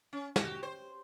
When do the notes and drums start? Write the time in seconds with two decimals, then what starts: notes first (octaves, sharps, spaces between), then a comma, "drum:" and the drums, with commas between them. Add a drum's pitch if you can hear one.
0.13 C#4
0.36 F#4 G4, drum: snare
0.63 C5